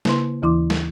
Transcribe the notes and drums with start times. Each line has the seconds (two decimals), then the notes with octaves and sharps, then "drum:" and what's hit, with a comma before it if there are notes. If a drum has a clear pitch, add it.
0.05 C#3 A#3 E4 B4 C6, drum: snare
0.42 D#2 E3 E4 C6 D6
0.70 drum: snare